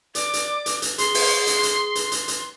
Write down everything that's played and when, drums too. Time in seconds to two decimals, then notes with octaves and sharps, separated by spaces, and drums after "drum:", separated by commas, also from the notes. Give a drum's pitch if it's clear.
0.15 D5 D6, drum: hi-hat
0.33 drum: hi-hat
0.66 drum: hi-hat
0.82 drum: hi-hat
0.98 G#4 C6, drum: hi-hat
1.14 drum: open hi-hat
1.47 drum: hi-hat
1.63 drum: hi-hat
1.95 drum: hi-hat
2.12 drum: hi-hat
2.28 drum: hi-hat